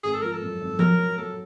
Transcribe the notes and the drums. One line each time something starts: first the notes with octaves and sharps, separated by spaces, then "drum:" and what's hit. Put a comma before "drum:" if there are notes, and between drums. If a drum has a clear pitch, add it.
G#1 G#4
A4
F3 A#4
A4
F#2
G#1
F#3 A#4, drum: tom F3
F#3
F#3 A4